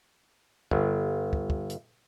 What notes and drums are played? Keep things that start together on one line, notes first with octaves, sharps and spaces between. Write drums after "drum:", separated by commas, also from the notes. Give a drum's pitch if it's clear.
G1, drum: kick
drum: kick
drum: kick
drum: hi-hat